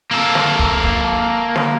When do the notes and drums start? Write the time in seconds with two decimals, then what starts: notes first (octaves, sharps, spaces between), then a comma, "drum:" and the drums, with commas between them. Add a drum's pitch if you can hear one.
0.11 A#3 A4
0.35 drum: snare
0.59 drum: kick
0.83 drum: kick
1.56 drum: snare